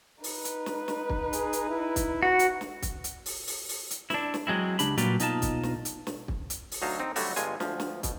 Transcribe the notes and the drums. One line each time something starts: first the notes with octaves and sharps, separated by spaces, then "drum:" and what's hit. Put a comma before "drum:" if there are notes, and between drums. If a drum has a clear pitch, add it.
D#4 B4, drum: open hi-hat
drum: hi-hat
drum: snare
drum: snare
drum: kick
G#4, drum: hi-hat
drum: hi-hat
E4
drum: kick, hi-hat
F#4 F#5
drum: hi-hat
drum: snare
drum: kick, hi-hat
drum: hi-hat
drum: open hi-hat
drum: open hi-hat
drum: open hi-hat
drum: hi-hat
D4 E4, drum: snare
drum: snare
F#3 G#3 C4 E4
C#2 D4 G4 B5, drum: hi-hat
A#2 F#3 G3 F4 B4 D5, drum: hi-hat
B2 D#4 F4 A5, drum: hi-hat
drum: kick, hi-hat
drum: snare
drum: hi-hat
drum: snare
drum: kick
drum: hi-hat
drum: open hi-hat
D2 F#3 D#4 F5 A5
C4 D#4
D3 F#3 G3 A3 F#4 C#5, drum: open hi-hat
G1 G2 G#3 F4 G#5, drum: hi-hat
D2 F3, drum: snare
drum: snare
B2, drum: kick, hi-hat